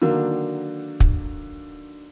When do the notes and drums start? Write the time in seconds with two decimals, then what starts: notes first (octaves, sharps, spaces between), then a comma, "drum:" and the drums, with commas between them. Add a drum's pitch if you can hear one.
0.02 D3 D#3 F#3 A#3 D4
1.00 drum: kick